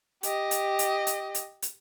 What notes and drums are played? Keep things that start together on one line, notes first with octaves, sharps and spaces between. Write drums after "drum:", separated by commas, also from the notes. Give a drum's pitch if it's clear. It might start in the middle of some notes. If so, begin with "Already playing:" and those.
G4 D#5, drum: hi-hat
drum: hi-hat
drum: hi-hat
drum: hi-hat
drum: hi-hat
drum: hi-hat